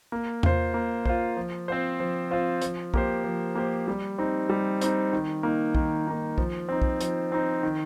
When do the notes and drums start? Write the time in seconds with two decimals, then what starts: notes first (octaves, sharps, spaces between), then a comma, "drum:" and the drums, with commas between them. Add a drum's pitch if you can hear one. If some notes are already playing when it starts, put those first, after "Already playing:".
0.12 A#3
0.43 F4 C5, drum: tom E2
0.74 A#3
1.05 F4 C5, drum: kick
1.37 F3
1.68 C4 F4 C5
2.00 F3
2.31 C4 F4 C5
2.62 F3, drum: hi-hat
2.94 A#3 G4 C5, drum: kick
3.24 F3
3.55 A#3 G4 C5
3.88 G3
4.18 C4 D#4
4.49 G3
4.81 C4 D#4, drum: hi-hat
5.13 D#3
5.43 A#3 D#4
5.75 D#3, drum: kick
6.07 A#3 D#4
6.38 F3, drum: kick
6.69 C4 D#4
6.82 drum: kick
7.01 F3, drum: hi-hat
7.32 C4 D#4
7.63 D#3